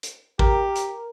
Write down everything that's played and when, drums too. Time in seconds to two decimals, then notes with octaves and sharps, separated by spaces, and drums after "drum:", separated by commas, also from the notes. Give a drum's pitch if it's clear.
0.03 drum: hi-hat
0.39 G4 A#4, drum: kick
0.76 drum: hi-hat